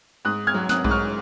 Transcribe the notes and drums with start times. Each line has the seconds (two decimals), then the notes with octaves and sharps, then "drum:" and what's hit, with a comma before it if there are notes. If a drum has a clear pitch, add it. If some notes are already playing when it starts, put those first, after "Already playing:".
0.25 G#2 D#6 F#6
0.47 F6 G#6
0.54 F#3
0.69 D#6 F#6, drum: snare
0.84 G#2, drum: kick B1
0.91 C#6 F6